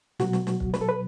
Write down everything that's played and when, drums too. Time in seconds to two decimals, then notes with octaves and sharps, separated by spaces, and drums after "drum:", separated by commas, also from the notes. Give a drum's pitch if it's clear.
0.20 B2 F#3 F#4, drum: snare
0.33 drum: snare
0.47 drum: snare
0.60 drum: kick
0.74 B4, drum: snare
0.81 A4
0.89 B4